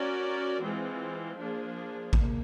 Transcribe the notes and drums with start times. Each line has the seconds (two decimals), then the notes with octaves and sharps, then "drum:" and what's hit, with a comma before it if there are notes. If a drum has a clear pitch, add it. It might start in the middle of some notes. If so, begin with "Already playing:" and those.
Already playing: C#4 F#4 A#4 D5
0.63 E3 G#3 C4 F4
1.38 F3 A#3 D4 F4 G#4
2.13 A#3, drum: kick A1